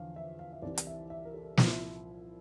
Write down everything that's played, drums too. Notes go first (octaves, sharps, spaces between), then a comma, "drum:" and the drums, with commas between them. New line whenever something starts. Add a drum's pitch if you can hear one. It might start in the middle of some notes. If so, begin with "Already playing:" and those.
Already playing: E2 D3 F3 F5
E5
F5
E5
C2 C3 E3 D5
drum: hi-hat
E5
E5
A#4
A4
C2 A#2 F3 F4, drum: snare
E4